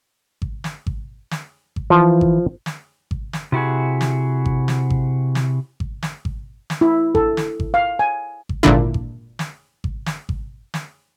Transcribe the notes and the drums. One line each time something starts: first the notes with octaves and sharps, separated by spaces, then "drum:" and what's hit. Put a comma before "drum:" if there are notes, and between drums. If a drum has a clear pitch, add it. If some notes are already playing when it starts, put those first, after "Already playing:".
drum: kick G#1
drum: snare
drum: kick G#1
drum: snare
drum: kick G#1
E3 F3
drum: kick G#1
drum: snare
drum: kick G#1
drum: snare
C3 E4 F#4 G#4
drum: snare
drum: kick G#1
drum: snare
drum: kick G#1
drum: snare
drum: kick G#1
drum: snare
drum: kick G#1
drum: snare
E4
A4, drum: kick G#1
drum: snare
drum: kick G#1
F5
G#5
drum: kick G#1
G#1 A#2 D3 D4 E4
drum: kick G#1
drum: snare
drum: kick G#1
drum: snare
drum: kick G#1
drum: snare